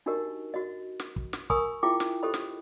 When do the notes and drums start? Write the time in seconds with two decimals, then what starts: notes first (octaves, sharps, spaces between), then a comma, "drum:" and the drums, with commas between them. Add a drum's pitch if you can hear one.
0.06 D4 D#4 F#4 G4 A#4 D#5
0.54 F#4 D#5
1.00 drum: snare
1.16 drum: kick
1.33 drum: snare
1.50 A#4 G#5 B5 C#6 D#6, drum: kick
1.83 E4 F4 G#4 E5 G5 D6
2.00 drum: snare
2.23 G4 A4 C5 D#5 B5
2.34 drum: snare